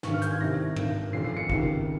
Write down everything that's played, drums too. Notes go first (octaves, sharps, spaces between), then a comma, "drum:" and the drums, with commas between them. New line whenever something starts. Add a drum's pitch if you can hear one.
G#1 G2 D#3 C#6, drum: snare
F6
G6, drum: hi-hat
G#6
C2 C3 D#3 A#6
G#1 G2 D#3, drum: tom
G1 F2 D#3 C7
C7
C#7
C#2 C3 D#3, drum: kick